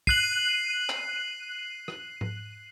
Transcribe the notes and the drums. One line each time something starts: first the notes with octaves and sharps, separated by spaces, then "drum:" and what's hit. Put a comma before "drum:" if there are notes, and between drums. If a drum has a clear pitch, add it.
F#6 C7 D#7 F#7, drum: kick
drum: clap
drum: rim click
drum: tom G#2